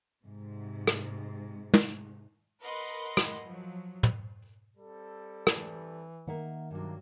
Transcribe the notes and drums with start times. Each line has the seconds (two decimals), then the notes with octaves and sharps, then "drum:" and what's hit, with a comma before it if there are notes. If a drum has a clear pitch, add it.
0.24 G#2 C3
0.87 drum: rim click
1.74 drum: tom
2.61 A#4 B4 D#5 F#5 B5 C6
3.17 drum: rim click
3.46 F3 F#3
4.03 drum: tom
4.78 G3 C4 A4
5.47 E3, drum: rim click
6.27 D#3 A#3 E5 F#5
6.71 G2 C3 F#3 A#3 D4